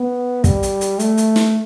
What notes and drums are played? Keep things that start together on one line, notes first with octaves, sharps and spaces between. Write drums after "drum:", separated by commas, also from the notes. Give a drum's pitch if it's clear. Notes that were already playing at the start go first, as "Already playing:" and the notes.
Already playing: B3
G3, drum: kick, hi-hat
drum: hi-hat
drum: hi-hat
A3, drum: hi-hat
drum: hi-hat
drum: snare